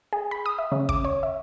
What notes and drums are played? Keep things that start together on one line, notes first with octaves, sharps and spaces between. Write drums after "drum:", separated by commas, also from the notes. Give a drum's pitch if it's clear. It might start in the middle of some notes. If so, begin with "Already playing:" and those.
G#4
B5
D#6
E5
C#3
D6, drum: kick
C#5
E5